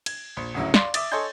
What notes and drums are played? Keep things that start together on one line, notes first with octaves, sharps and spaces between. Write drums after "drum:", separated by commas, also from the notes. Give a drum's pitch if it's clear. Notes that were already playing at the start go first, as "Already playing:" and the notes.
G#6, drum: cymbal
A#1
A1 D2 C#3 F#3 E4
D5 F5 C6, drum: snare
E5 D6 D#6 A6, drum: cymbal
A4 C#5 D#5 G#5 C6 G6